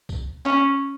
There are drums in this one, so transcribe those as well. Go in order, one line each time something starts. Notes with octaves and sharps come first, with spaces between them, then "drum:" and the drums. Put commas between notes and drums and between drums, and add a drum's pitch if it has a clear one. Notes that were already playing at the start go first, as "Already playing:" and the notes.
drum: kick, tambourine
C#4, drum: clap